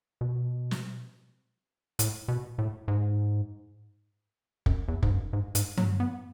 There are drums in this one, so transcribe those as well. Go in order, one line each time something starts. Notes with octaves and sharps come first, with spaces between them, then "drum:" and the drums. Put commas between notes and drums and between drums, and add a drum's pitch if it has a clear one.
B2
drum: snare
A2, drum: hi-hat
B2
A2
G#2
F#2, drum: kick
E2
G#2, drum: kick
F#2
G#2
G#2, drum: hi-hat
F#3, drum: tom G2
B3